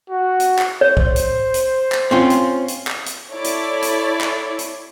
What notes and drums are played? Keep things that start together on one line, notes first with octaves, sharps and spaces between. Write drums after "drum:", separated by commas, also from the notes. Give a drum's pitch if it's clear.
F#4
drum: hi-hat
drum: clap
C5 C#5
drum: kick
drum: hi-hat
drum: hi-hat
drum: clap
C4 C#4 F4
drum: hi-hat
drum: hi-hat
drum: clap
drum: hi-hat
E4 A4 C#5 D5
drum: hi-hat
drum: hi-hat
drum: clap
drum: hi-hat